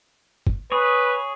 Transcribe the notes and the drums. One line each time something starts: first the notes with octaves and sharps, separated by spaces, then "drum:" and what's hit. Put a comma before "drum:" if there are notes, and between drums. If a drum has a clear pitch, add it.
drum: kick G1
G#4 B4 C#5